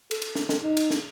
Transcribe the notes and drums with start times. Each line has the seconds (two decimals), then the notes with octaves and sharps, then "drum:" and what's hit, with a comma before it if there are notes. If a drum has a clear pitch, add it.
0.11 A4, drum: cymbal
0.22 drum: cymbal
0.35 drum: snare
0.49 drum: snare
0.63 D#4
0.77 drum: cymbal
0.91 drum: snare